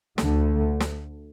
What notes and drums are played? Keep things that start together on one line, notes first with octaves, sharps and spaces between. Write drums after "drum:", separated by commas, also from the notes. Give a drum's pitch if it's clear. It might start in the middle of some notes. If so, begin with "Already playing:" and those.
D2 D3 A3, drum: snare
drum: snare